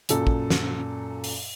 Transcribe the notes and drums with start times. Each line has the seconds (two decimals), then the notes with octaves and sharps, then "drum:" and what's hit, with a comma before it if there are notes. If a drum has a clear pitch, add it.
0.09 F#2 A#2 A4, drum: hi-hat
0.27 drum: kick
0.50 drum: snare
1.24 drum: open hi-hat